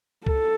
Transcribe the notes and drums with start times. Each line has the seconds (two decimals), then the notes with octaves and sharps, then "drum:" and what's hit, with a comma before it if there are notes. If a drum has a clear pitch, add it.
0.26 A4, drum: kick C2